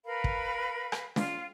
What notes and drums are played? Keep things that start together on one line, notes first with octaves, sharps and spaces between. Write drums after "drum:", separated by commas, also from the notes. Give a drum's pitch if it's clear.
A#4 B4 F5 B5
drum: kick
drum: rim click
F4 F5, drum: snare